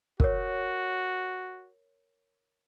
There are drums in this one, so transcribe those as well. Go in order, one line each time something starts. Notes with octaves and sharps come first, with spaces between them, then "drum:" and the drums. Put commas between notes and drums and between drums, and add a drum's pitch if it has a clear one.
F#4 A#4 C#5, drum: kick